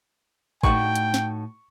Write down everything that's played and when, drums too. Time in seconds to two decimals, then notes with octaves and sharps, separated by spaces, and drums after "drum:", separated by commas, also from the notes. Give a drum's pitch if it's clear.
0.63 A2 D#4 F#4 G5 C#6, drum: kick G#1
0.96 drum: hi-hat
1.14 drum: snare